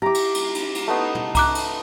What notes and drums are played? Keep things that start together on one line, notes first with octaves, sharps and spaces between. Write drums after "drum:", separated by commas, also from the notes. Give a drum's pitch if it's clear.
E4 G4 A#5 D6
drum: cymbal
drum: cymbal
drum: cymbal
drum: cymbal
A3 B3 D#4
drum: tom
A#5 D6 F#6, drum: kick C2, cymbal
drum: cymbal